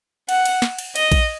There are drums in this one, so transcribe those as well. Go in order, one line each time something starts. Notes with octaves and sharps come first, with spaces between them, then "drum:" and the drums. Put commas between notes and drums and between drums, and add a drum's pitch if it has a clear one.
F#5, drum: cymbal
drum: cymbal
drum: snare
drum: cymbal
D#5, drum: cymbal
drum: kick A#1, cymbal